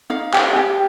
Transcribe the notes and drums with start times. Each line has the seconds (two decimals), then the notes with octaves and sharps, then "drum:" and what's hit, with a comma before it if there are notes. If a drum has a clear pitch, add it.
0.10 D#4 F5
0.33 G4, drum: clap
0.56 G4